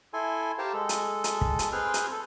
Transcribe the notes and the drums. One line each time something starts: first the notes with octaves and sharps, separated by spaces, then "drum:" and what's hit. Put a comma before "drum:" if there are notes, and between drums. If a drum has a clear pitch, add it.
E4 A4 G#5 C6
G4 A#4 C5 F5 G5 A5
G#3 A4
drum: hi-hat
drum: hi-hat
drum: kick
drum: hi-hat
C4 G#4 B4 G5 C6 F6
drum: hi-hat
A4